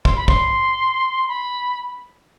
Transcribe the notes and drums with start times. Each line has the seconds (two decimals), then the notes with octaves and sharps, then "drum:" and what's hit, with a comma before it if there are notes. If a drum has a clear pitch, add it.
0.05 C6, drum: kick
0.16 B5
0.28 C6, drum: kick
1.28 B5